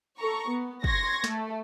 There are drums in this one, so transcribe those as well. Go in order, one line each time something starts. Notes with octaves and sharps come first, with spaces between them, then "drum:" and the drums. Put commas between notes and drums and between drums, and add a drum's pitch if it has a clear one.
A4 A#5 C#6
B3
C6 C#6 G#6 A#6, drum: kick
A3, drum: snare